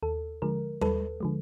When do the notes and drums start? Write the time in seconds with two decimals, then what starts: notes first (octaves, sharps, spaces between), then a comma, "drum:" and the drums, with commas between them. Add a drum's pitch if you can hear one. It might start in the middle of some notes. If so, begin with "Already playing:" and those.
0.03 D#2 A4
0.42 D3 F3 G#3 A#4
0.81 D#2 A4 B4, drum: tom G3
1.20 D3 F3 G#3